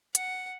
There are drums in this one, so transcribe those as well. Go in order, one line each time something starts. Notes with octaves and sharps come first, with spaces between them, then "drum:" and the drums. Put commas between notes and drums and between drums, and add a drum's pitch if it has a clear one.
F#5, drum: hi-hat